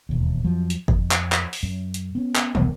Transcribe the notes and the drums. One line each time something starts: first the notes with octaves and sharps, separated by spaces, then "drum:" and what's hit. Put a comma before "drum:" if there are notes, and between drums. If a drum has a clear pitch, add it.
E1 D#2
F2 F3 F#3
drum: hi-hat
F2, drum: kick
drum: clap
drum: clap
drum: open hi-hat
F#2
drum: hi-hat
B3 C#4
drum: clap
E1 C2 D3 B3, drum: tom